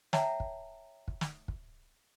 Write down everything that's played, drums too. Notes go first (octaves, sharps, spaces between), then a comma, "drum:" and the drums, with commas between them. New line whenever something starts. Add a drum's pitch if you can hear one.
C#5 E5 F#5 G5 A5 A#5, drum: snare
drum: kick
drum: kick
drum: snare
drum: kick